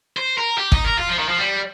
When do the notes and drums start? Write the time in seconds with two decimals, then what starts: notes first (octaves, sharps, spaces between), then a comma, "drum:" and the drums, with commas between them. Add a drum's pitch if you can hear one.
0.17 C5
0.38 A#4
0.58 G4
0.72 D#4, drum: kick
0.85 A#4
0.98 F4
1.09 F3
1.19 D#3
1.29 F3
1.39 G3